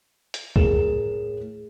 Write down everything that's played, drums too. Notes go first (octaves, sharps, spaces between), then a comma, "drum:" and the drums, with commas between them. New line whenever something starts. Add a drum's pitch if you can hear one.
drum: hi-hat
A2 G#4 A#4 E7, drum: kick